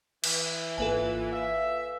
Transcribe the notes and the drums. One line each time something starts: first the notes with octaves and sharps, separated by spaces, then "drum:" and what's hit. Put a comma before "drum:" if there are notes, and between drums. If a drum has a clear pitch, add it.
E3, drum: cymbal
G#1 A#3 F4 A4 B4 G#5
E5 F5